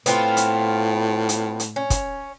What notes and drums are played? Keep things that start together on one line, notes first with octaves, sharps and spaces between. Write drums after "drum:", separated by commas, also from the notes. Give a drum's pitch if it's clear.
A2 B3 C4 F4, drum: hi-hat
drum: hi-hat
drum: hi-hat
drum: hi-hat
C#4
drum: kick, hi-hat